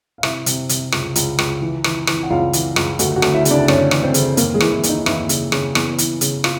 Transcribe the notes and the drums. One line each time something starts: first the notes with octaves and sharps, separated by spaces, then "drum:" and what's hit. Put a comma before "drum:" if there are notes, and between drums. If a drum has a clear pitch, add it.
F5
C3 E4 E5, drum: rim click
C3, drum: hi-hat
C3, drum: hi-hat
C#2, drum: rim click
C#2, drum: hi-hat
C#2, drum: rim click
E3
E3, drum: rim click
E3, drum: rim click
F#5
C#2 F4 F5
E3, drum: hi-hat
C#2, drum: rim click
D2 F#4 F#5, drum: hi-hat
F#4 F#5
D2, drum: rim click
E4 E5
C#3, drum: hi-hat
D4 D5
D2 C#4 C#5, drum: rim click
E3, drum: rim click
C4 C5
C#3, drum: hi-hat
D#2 A#3 A#4, drum: hi-hat
G#3 G#4
E3, drum: rim click
E3 E4
D#2, drum: hi-hat
D#4
D#2 E3 E4, drum: rim click
C#3, drum: hi-hat
C#3, drum: rim click
E2, drum: rim click
E3, drum: hi-hat
C#3, drum: hi-hat
F4, drum: rim click